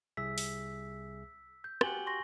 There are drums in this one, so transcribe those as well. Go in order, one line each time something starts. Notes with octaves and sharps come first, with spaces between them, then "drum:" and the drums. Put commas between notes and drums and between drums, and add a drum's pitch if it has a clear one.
C2 G#4 E5 E6 B6
drum: open hi-hat
G6
F#4 G4 F#5 G#5 F#7 G7, drum: rim click
C6 C#6 A#6